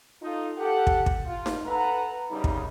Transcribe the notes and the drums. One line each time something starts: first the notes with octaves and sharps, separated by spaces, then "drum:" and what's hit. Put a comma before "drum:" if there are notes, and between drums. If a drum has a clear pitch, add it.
D#4 F4 A4
G4 A4 F#5
drum: kick
drum: kick
F4
drum: snare D#4
A4 B4 F#5 A#5
C2 F#2 C#3 G3 D#4
drum: kick